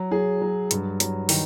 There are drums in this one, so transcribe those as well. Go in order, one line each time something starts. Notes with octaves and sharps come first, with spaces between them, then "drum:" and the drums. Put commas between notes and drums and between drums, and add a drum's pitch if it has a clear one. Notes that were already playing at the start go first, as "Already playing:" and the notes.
Already playing: F#3
F#3 G#4
F#3
G2, drum: hi-hat
F#3, drum: hi-hat
D#3, drum: open hi-hat